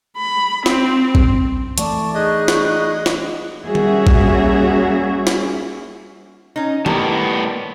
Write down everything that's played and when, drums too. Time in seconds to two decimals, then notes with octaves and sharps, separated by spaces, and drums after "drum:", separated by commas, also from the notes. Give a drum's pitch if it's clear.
0.17 B5
0.66 C4, drum: snare
1.15 drum: kick A1
1.78 E3 A3 D5 A5 C#6, drum: hi-hat
2.15 D#4 G#4 D#5 C#6 F#6
2.48 drum: snare
3.06 drum: snare
3.64 G3 A#3 C#4 F#4 G#4 E5
3.75 drum: tom D#3
4.07 drum: kick A1
5.27 drum: snare
6.56 C#4 D#4
6.86 A2 G3 A#3 B3, drum: tom D#3